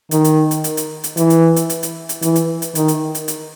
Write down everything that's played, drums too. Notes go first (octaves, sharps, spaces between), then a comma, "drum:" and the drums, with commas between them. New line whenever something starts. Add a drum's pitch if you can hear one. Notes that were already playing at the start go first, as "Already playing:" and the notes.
D#3, drum: hi-hat
drum: hi-hat
drum: hi-hat
drum: hi-hat
drum: hi-hat
drum: hi-hat
E3, drum: hi-hat
drum: hi-hat
drum: hi-hat
drum: hi-hat
drum: hi-hat
drum: hi-hat
E3, drum: hi-hat
drum: hi-hat
drum: hi-hat
D#3, drum: hi-hat
drum: hi-hat
drum: hi-hat
drum: hi-hat